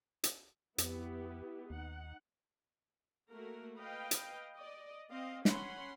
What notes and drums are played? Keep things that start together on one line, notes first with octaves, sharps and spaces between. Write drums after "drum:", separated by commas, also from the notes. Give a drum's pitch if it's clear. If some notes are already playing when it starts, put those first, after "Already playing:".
drum: hi-hat
F2 B3 E4 G4, drum: hi-hat
D#2 D#4 F#5
A3 A#3 F#4 A#4
B4 D#5 F5 G5
drum: hi-hat
D5 D#5
C4 D#5 F5
C#4 C#5 F#5 B5 C6, drum: snare